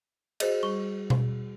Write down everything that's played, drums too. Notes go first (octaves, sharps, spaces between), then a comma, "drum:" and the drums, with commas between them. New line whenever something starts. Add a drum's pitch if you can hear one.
F#4 G#4 C5 D#5, drum: cymbal
G3 C#6
drum: tom B2